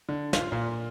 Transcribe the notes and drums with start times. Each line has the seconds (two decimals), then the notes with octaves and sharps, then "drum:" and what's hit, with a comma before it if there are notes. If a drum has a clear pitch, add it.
0.09 D3
0.33 F4, drum: snare
0.52 A#2